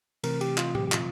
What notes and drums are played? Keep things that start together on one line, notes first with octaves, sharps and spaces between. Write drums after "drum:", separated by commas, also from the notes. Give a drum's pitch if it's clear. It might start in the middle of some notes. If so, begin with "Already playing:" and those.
C3 E3 A3 C4 A#4, drum: cymbal
G4, drum: cymbal
F4, drum: clap
G4, drum: tom A2
G4
F4, drum: clap